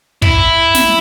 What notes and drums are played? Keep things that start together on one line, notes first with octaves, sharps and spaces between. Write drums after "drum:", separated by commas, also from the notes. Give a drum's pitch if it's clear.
E4, drum: kick
drum: snare